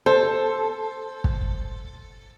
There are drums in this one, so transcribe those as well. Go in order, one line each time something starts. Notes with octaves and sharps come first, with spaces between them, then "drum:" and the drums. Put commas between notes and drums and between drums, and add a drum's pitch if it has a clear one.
A4 C5
drum: kick